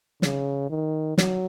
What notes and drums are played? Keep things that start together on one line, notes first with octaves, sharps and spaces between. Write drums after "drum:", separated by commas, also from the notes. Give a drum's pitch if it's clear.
C#3, drum: snare
D#3
F#3, drum: snare